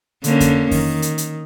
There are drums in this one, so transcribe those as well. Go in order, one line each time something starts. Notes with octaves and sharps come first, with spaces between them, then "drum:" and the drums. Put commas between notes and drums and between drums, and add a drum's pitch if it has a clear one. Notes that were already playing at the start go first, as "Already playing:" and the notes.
D3 A#3 C#4, drum: hi-hat
drum: kick F2, hi-hat
D#3, drum: kick F2, open hi-hat
drum: hi-hat
drum: hi-hat